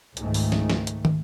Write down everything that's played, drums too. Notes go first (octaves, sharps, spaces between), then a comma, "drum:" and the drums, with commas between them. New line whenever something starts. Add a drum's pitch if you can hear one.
C#2 G#2 D#3 A3, drum: hi-hat
drum: open hi-hat
drum: snare
drum: snare
drum: hi-hat
drum: tom